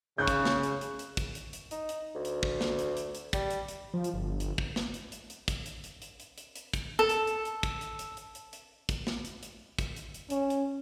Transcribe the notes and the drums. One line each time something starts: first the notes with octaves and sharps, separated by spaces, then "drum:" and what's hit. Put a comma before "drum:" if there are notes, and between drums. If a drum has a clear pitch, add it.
C#3 C#6 F#6 G6
drum: kick, hi-hat
drum: snare
drum: hi-hat
drum: hi-hat
drum: hi-hat
drum: kick, hi-hat
drum: hi-hat
drum: hi-hat
D#4, drum: hi-hat
drum: hi-hat
D2
drum: hi-hat
drum: kick
drum: snare
drum: hi-hat
drum: hi-hat
drum: hi-hat
G3, drum: kick, hi-hat
drum: hi-hat
drum: hi-hat
F3
drum: hi-hat
G1
drum: hi-hat
drum: kick
drum: snare
drum: hi-hat
drum: hi-hat
drum: hi-hat
drum: kick, hi-hat
drum: hi-hat
drum: hi-hat
drum: hi-hat
drum: hi-hat
drum: hi-hat
drum: hi-hat
drum: kick, hi-hat
A4
drum: hi-hat
drum: hi-hat
drum: hi-hat
drum: kick, hi-hat
drum: hi-hat
drum: hi-hat
drum: hi-hat
drum: hi-hat
drum: hi-hat
drum: kick, hi-hat
drum: snare
drum: hi-hat
drum: hi-hat
drum: kick, hi-hat
drum: hi-hat
drum: hi-hat
C#4, drum: hi-hat
drum: hi-hat